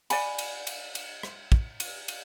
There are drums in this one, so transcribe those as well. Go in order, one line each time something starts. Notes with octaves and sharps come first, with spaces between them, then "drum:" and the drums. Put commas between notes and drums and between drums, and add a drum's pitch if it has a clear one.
D5 F#5 G#5 B5, drum: cymbal
drum: cymbal
drum: cymbal
drum: cymbal
drum: rim click
drum: kick
drum: cymbal
drum: cymbal